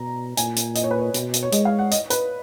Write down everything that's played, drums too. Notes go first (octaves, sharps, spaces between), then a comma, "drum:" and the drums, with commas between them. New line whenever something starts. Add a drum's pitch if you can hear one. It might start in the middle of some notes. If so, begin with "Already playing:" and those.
Already playing: B2 A#5
A#2 G#5, drum: hi-hat
drum: hi-hat
D#5, drum: hi-hat
C#5
B4
C#5
B2, drum: hi-hat
drum: hi-hat
C#5
G#3 D#5, drum: hi-hat
F5
F#5
D#5, drum: hi-hat
B4, drum: hi-hat